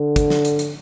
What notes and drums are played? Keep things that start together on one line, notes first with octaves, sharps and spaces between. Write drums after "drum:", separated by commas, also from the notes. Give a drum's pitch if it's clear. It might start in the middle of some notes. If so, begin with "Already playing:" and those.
Already playing: D3
drum: kick, hi-hat
drum: snare
drum: hi-hat
drum: hi-hat